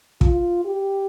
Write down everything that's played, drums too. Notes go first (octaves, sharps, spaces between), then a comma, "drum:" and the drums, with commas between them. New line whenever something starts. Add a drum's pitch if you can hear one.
F4, drum: kick
G4